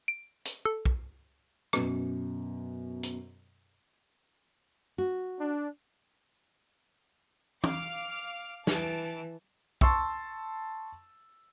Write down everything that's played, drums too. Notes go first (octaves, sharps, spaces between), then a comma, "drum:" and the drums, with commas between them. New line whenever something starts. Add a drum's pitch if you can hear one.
D7
drum: hi-hat
A4
drum: kick B1
F#2 B2, drum: rim click
drum: hi-hat
F#4
D4
F5 D6 F6, drum: tom
E3 A5 D7, drum: snare
A5 C6 C#6 E6, drum: kick B1